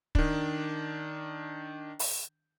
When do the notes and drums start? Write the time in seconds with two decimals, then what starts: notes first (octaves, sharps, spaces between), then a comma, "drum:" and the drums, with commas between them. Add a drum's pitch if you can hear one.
0.15 D#3 D4, drum: kick
1.99 drum: open hi-hat